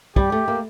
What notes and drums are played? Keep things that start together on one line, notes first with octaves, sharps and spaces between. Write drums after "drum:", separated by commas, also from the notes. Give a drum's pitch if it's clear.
G3 G4, drum: kick
A3
A#3